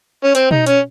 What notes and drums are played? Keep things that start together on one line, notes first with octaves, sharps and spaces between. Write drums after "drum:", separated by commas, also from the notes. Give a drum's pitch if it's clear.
C#4
C4, drum: hi-hat
D#4, drum: tom B2
C#4, drum: hi-hat